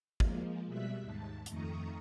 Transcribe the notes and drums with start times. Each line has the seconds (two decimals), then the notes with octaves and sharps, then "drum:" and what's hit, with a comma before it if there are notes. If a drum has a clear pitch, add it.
0.20 F3 G#3 A#3, drum: kick
0.66 B2 G3 E5 F#6 B6
1.01 D#2 G#2 A5
1.46 F2 D#3 A3 A#5 C#6 D#6, drum: hi-hat